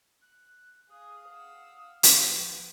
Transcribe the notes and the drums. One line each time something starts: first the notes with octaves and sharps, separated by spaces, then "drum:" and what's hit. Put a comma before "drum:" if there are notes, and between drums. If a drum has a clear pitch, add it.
F#6
G#4 F5 D#6
F#5 D#6 E6
F3 B3 B4 G5, drum: hi-hat